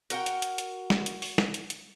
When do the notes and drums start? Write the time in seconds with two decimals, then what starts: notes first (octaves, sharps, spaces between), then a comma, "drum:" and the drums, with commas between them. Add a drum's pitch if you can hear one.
0.10 F#4 A#4 F#5 G5, drum: hi-hat
0.26 drum: hi-hat
0.42 drum: hi-hat
0.58 drum: hi-hat
0.90 drum: snare
1.06 drum: hi-hat
1.22 drum: open hi-hat
1.38 drum: snare
1.54 drum: hi-hat
1.70 drum: hi-hat